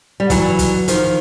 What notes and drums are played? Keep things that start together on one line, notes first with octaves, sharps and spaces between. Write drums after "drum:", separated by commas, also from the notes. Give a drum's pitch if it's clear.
G3
E3 F#3, drum: kick, hi-hat
drum: kick, hi-hat
D#3 F3, drum: hi-hat